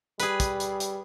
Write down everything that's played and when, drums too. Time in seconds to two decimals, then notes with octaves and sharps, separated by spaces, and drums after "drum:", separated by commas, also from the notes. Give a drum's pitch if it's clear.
0.20 G3 G#4 B4, drum: hi-hat
0.40 drum: kick, hi-hat
0.60 drum: hi-hat
0.80 drum: hi-hat